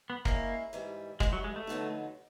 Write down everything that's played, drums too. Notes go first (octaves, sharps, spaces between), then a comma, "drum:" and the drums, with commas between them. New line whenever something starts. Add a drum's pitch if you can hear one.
B3
G#3 A#3 C#4 E4, drum: kick
G#2 E3 G3
G#2 E3 G3 G#3, drum: kick
F#3
G#3
A3
F2 D3 F#3 B3 D#4